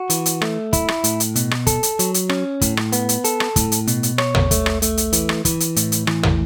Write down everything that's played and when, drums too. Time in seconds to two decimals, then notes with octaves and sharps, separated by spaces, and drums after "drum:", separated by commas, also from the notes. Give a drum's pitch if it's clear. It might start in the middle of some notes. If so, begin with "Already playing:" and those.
Already playing: F#4
0.10 E3, drum: hi-hat
0.26 drum: hi-hat
0.41 A3, drum: rim click
0.73 E4, drum: kick, hi-hat
0.88 drum: rim click
1.04 A2, drum: hi-hat
1.20 drum: hi-hat
1.36 B2, drum: hi-hat
1.51 drum: rim click
1.67 A4, drum: kick, hi-hat
1.83 drum: hi-hat
1.99 F#3, drum: hi-hat
2.14 drum: hi-hat
2.29 C#4, drum: rim click
2.61 A2, drum: kick, hi-hat
2.77 drum: rim click
2.92 B3, drum: hi-hat
3.09 drum: hi-hat
3.24 A4, drum: hi-hat
3.40 drum: rim click
3.56 A2, drum: kick, hi-hat
3.72 drum: hi-hat
3.87 B2, drum: hi-hat
4.03 drum: hi-hat
4.18 C#5, drum: rim click
4.35 drum: tom
4.51 A3, drum: kick, hi-hat
4.66 drum: rim click
4.82 A3, drum: hi-hat
4.97 drum: hi-hat
5.13 E3, drum: hi-hat
5.29 drum: rim click
5.45 E3, drum: kick, hi-hat
5.60 drum: hi-hat
5.76 A2, drum: hi-hat
5.92 drum: hi-hat
6.07 E3, drum: rim click
6.23 drum: tom